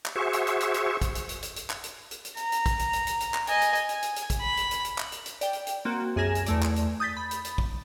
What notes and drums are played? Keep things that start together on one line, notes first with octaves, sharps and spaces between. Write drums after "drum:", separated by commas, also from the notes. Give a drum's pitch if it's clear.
drum: clap
F#4 G#4 C5 E5 C#6
drum: hi-hat
drum: hi-hat
drum: hi-hat
drum: hi-hat
drum: kick, hi-hat
drum: hi-hat
drum: hi-hat
drum: hi-hat
drum: hi-hat
drum: clap
drum: hi-hat
drum: hi-hat
drum: hi-hat
A#5, drum: hi-hat
drum: hi-hat
drum: kick, hi-hat
drum: hi-hat
drum: hi-hat
drum: hi-hat
drum: hi-hat
drum: clap
D#5 G#5, drum: hi-hat
drum: hi-hat
drum: hi-hat
G#5, drum: hi-hat
drum: hi-hat
drum: hi-hat
drum: kick, hi-hat
B5
drum: hi-hat
drum: hi-hat
drum: hi-hat
drum: clap
drum: hi-hat
drum: hi-hat
D5 G5, drum: hi-hat
drum: hi-hat
drum: hi-hat
A#3 C4 F#4
C2 F#2 G#4 G#5 A#6 E7
drum: hi-hat
E2 A3 D5, drum: hi-hat
drum: clap
drum: hi-hat
D#6 G6 A6 B6
B5 A6
drum: hi-hat
drum: hi-hat
drum: kick